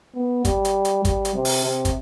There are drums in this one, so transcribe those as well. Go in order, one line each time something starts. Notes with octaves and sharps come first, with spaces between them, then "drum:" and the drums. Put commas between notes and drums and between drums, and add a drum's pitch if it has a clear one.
B3
G3, drum: kick, hi-hat
drum: hi-hat
drum: hi-hat
G3, drum: kick, hi-hat
drum: hi-hat
C3
drum: open hi-hat
C3
drum: kick, hi-hat